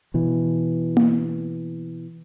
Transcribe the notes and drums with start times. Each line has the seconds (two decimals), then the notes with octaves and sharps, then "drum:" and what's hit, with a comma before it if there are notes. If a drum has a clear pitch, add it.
0.14 B2 E3
0.97 drum: tom A#3